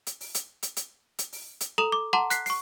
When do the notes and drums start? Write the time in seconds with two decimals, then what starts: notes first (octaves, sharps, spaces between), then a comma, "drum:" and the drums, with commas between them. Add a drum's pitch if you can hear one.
0.07 drum: hi-hat
0.21 drum: open hi-hat
0.35 drum: hi-hat
0.62 drum: hi-hat
0.76 drum: hi-hat
1.18 drum: hi-hat
1.32 drum: open hi-hat
1.60 drum: hi-hat
1.78 A4 A#5 D#6 F7 F#7
1.92 D6
2.13 F#5 A5 A#5 C6 D6
2.30 F#6 B6 C7, drum: hi-hat
2.46 C#6 C7, drum: open hi-hat